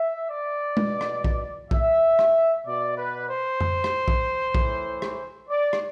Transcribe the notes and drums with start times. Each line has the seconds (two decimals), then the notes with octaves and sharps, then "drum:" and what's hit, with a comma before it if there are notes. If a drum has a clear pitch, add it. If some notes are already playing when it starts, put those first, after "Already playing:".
Already playing: E5
0.30 D5
0.77 B2, drum: tom
1.01 drum: rim click
1.24 drum: kick
1.71 E5, drum: kick
2.19 drum: rim click
2.66 B2 D5
2.98 B4
3.29 C5
3.61 drum: tom F2
3.84 drum: rim click
4.08 drum: kick
4.55 A2 E3, drum: kick
5.02 drum: rim click
5.49 D5
5.73 drum: rim click